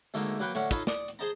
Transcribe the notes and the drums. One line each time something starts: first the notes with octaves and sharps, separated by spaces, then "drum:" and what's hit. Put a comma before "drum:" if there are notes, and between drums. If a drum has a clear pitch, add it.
D2 G#2 A3 A#3 D#4 G#5
F#3 A#3 B4 F#5 G5
A2 D3 C#4 C#5 F#5, drum: hi-hat
D#4 F4 A4 B4 C#5 D#5, drum: kick, hi-hat
D5 C#6 D#6, drum: snare
drum: hi-hat
G#4 C5 D#5 A5 A#5